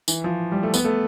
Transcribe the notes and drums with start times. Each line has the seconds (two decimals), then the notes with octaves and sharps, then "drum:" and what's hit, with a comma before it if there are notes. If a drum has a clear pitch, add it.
0.08 E3, drum: tambourine
0.24 F3
0.52 G3
0.63 A3
0.74 B3, drum: tambourine
0.85 A3